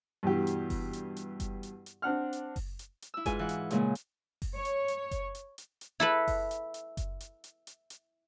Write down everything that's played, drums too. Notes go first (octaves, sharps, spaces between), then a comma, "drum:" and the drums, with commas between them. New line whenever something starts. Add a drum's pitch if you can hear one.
G2 B2 E3 G4
drum: hi-hat
drum: kick F#1, open hi-hat
drum: hi-hat
drum: hi-hat
drum: kick F#1, hi-hat
drum: hi-hat
drum: hi-hat
C4 D4 F#5 F6
drum: hi-hat
drum: kick F#1, open hi-hat
drum: hi-hat
drum: hi-hat
E4 E6
G#2 F4 G#4 B4 G#5, drum: kick F#1, hi-hat
E3 F#5
drum: hi-hat
A#2 C#3 G#3 A#3, drum: hi-hat
drum: hi-hat
drum: kick F#1, open hi-hat
C#5
drum: hi-hat
drum: hi-hat
drum: kick F#1, hi-hat
drum: hi-hat
drum: hi-hat
drum: hi-hat
E4 A4 B4
drum: kick F#1, open hi-hat
drum: hi-hat
drum: hi-hat
drum: kick F#1, hi-hat
drum: hi-hat
drum: hi-hat
drum: hi-hat
drum: hi-hat